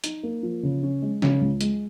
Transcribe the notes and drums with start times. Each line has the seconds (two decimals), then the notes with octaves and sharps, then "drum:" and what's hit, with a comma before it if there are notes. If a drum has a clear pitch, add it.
0.04 D#4, drum: hi-hat
0.23 A#3
0.43 F3
0.63 C#3
0.83 C#4
1.02 G#3
1.22 C#3, drum: snare
1.41 C#2
1.61 G#3, drum: hi-hat